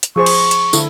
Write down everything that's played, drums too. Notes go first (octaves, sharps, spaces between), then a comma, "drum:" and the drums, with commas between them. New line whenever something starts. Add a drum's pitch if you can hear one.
drum: hi-hat
F3 G#4 C5 C#6
drum: cymbal
drum: hi-hat
D3 E4 A4, drum: tambourine